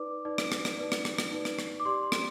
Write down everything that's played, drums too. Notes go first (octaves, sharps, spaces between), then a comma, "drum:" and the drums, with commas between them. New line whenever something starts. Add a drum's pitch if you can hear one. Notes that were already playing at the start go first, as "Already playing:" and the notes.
Already playing: D#4 B4 D5 D6
D#4 B4 D5
drum: rim click
drum: rim click
drum: rim click
D#4 B4 D5
drum: rim click
drum: rim click
drum: rim click
D#4 B4 D5
drum: rim click
drum: rim click
D6
G4 D5 C6
C6
drum: rim click